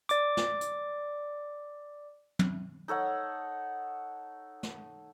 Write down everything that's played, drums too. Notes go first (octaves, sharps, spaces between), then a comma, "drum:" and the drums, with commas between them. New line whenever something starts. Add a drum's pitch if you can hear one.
D5 D6, drum: hi-hat
drum: snare
drum: hi-hat
drum: tom
D#4 A4 C#5 F#5
drum: snare